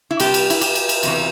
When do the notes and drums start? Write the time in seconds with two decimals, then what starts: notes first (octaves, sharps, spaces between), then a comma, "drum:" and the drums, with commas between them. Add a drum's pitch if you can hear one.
0.11 E4
0.20 C3 G3 G4, drum: cymbal
0.34 drum: cymbal
0.50 E4, drum: cymbal
0.61 G4, drum: cymbal
0.75 drum: cymbal
0.89 drum: cymbal
1.03 E2 C3 E3, drum: cymbal